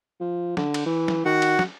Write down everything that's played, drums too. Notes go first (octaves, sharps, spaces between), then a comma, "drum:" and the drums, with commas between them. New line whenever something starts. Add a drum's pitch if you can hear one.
F3
D3, drum: snare
drum: cymbal
E3
drum: snare
D#3 F#4 F#5
drum: cymbal
drum: snare